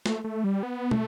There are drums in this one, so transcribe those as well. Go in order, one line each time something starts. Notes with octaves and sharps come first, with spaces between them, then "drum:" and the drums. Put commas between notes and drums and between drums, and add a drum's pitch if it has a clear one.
A3, drum: snare
A3
G3
B3
A3, drum: tom